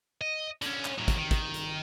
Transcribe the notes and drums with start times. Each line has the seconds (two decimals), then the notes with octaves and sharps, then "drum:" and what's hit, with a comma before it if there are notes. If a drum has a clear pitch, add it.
0.21 D#5
0.62 D3 C#4, drum: hi-hat
0.85 drum: clap
0.98 A2 F#3
1.08 drum: kick, hi-hat
1.17 D#3
1.31 drum: kick, hi-hat
1.54 drum: hi-hat